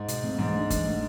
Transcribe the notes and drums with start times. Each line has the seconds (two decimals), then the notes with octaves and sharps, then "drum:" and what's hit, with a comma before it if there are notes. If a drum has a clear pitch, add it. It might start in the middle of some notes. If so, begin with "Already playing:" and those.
Already playing: G#2
0.08 B2, drum: hi-hat
0.23 F#3 A3 C4
0.39 G#2 E3
0.55 A3 D4
0.70 E3, drum: kick F#1, hi-hat
0.86 A3 D4